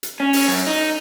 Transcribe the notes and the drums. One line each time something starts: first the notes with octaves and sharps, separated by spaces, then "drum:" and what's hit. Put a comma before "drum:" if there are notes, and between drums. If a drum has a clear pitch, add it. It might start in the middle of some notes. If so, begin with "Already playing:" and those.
drum: hi-hat
C#4
drum: open hi-hat
F#2
D#4